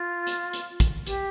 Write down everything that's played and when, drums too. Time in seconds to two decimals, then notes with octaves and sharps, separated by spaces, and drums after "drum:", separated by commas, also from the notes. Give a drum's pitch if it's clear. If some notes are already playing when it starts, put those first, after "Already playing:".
Already playing: F4
0.27 drum: hi-hat
0.53 drum: hi-hat
0.80 drum: kick, hi-hat
1.07 G4, drum: hi-hat